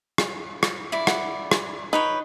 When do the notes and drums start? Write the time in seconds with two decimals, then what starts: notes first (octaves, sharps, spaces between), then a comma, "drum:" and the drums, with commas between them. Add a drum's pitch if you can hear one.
0.18 drum: rim click
0.63 drum: rim click
0.92 E4 D5
1.07 F#5, drum: rim click
1.51 drum: rim click
1.93 D#4 B4 C#5 G5